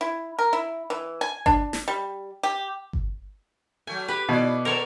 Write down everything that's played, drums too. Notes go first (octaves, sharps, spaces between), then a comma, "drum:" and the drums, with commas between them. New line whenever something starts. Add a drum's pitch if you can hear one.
E4
A#4
E4
E3
G#5
D4, drum: kick G1
drum: snare
G3
G4
drum: kick G1
F#3 A3 G#5
G4 B4
B2 E4 D5
B3 A4 A#4 C#5 D5